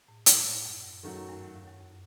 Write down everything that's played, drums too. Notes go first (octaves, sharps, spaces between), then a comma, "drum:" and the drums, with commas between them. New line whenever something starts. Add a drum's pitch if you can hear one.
A2
A#2, drum: hi-hat
A2
G#2
F#2
F#2
F2 D#3 F#3 A3 C#4 F#4
F#2
G2
F#2
F2
F#2
F#2